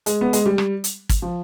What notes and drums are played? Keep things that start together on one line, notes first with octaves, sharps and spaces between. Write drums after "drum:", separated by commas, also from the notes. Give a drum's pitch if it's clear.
G#3, drum: hi-hat
B3
G#3, drum: hi-hat
G3
drum: rim click
drum: hi-hat
drum: kick, hi-hat
F3